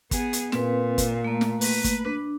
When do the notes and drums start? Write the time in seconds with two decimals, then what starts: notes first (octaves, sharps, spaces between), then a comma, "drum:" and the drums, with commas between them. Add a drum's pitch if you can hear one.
0.11 B3 G#4, drum: kick, hi-hat
0.33 drum: hi-hat
0.52 A#2 C4 B4, drum: snare
0.98 drum: kick, hi-hat
1.24 A3 A#3
1.41 drum: snare
1.61 B4, drum: open hi-hat
1.84 drum: kick, hi-hat
2.05 D4